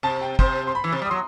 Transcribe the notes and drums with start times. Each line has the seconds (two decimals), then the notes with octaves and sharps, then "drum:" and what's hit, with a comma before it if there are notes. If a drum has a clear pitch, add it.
0.03 C3 A5
0.21 G5
0.39 C3 C5, drum: kick
0.67 C6
0.75 B5
0.84 E3
0.93 C3
1.02 G3
1.05 D#6
1.10 F#3 C6